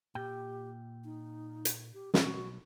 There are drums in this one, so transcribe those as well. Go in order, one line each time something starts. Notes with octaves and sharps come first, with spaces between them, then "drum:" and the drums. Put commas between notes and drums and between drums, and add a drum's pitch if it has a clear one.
A#2 G4 G5
D#4
drum: hi-hat
G4
B1 F#4, drum: snare